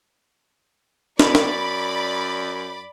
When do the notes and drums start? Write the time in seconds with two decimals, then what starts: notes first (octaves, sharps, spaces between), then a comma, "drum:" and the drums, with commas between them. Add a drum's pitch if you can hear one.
1.20 F#2 D5 B5 D6, drum: snare
1.35 drum: snare